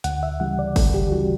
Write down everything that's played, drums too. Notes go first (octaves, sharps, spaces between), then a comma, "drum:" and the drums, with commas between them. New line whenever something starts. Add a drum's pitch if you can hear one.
D2 F#5, drum: hi-hat
E5
C#3 E3 G3 F#5
D5
D2 A4, drum: kick, open hi-hat
G4
C#3 E3 G3 F#4